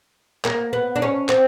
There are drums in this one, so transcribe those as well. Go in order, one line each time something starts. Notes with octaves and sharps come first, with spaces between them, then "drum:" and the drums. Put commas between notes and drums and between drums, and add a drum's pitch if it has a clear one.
A#3, drum: clap
B3
D4
C#4
C4, drum: clap